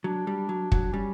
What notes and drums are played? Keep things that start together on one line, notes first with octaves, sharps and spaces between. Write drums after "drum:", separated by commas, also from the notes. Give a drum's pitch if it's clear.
F#3 D4
G3
F#3
F#3, drum: kick
G3 C#4